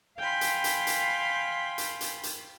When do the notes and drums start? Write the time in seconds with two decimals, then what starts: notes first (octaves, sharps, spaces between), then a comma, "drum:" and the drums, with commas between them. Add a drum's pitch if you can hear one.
0.18 F5 G5 G#5 B5 C6
0.41 drum: hi-hat
0.64 drum: hi-hat
0.87 drum: hi-hat
1.78 drum: hi-hat
2.01 drum: hi-hat
2.23 drum: hi-hat